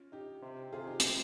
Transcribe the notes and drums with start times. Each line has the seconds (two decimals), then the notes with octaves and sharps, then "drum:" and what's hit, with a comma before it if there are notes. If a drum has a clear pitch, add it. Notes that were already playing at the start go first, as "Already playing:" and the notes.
Already playing: C#4 F4
0.12 D#4 G4
0.42 C3
0.72 C3 F4 G#4
0.87 D#4 G4
1.00 drum: hi-hat